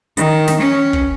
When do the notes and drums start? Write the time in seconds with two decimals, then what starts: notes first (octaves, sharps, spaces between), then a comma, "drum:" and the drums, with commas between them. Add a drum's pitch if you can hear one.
0.17 D#3, drum: hi-hat
0.48 drum: snare
0.60 C#4
0.93 drum: kick